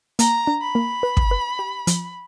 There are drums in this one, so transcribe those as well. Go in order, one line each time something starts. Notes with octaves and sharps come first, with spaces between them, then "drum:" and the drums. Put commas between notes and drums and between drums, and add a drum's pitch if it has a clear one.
A#3 A#5, drum: hi-hat
D4
B5
A#3
B4
drum: kick
B4
G4
F3, drum: hi-hat